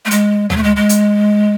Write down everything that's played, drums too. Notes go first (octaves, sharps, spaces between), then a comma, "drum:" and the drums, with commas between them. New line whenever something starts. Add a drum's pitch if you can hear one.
A3
G#3, drum: hi-hat
F#3, drum: tom
A3
G#3
G#3
drum: hi-hat